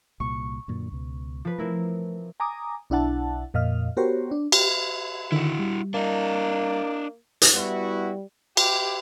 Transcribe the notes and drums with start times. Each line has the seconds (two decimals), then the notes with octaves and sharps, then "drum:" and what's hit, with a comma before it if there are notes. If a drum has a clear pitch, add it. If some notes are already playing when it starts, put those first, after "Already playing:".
0.20 C2 A#2 A#3 C#6
0.68 F#2 A#2 D3
0.92 C#2 B2
1.45 F3 B4
1.58 A3 C4 E4 A#4
2.40 G#5 A#5 D6 D#6
2.90 B1 D4 E4 F#5 A5
3.54 F2 A#2 D#5 F5 F6
3.97 B3 F#4 G4 A#4 C5 C#5
4.31 D4
4.52 G4, drum: cymbal
5.32 D3 D#3 E4 F#4
5.59 G3
5.94 A#3 D4 D#5
7.42 drum: hi-hat
7.55 G3 B3 E4 F#4
8.57 G4, drum: cymbal